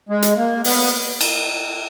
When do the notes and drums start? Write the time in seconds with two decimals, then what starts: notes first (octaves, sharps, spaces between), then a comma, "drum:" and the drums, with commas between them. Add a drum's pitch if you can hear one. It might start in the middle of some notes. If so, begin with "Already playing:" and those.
0.09 G#3
0.22 drum: hi-hat
0.37 A#3
0.64 B3, drum: open hi-hat
1.21 drum: cymbal